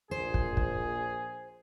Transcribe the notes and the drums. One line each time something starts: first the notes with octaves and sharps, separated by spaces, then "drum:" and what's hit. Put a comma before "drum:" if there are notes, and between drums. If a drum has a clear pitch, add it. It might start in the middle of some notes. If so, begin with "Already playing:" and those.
A#1 G#4 C5
drum: kick
drum: kick